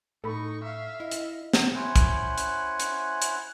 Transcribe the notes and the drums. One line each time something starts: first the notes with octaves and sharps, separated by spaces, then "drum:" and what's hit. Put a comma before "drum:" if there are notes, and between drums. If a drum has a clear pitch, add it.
A2 D#4 A4 B5 C#6
E5 F5
E4 D#5
drum: hi-hat
drum: snare
C#4 E4 C5 F#5 G#5 F#6
drum: kick, hi-hat
drum: hi-hat
drum: hi-hat
drum: hi-hat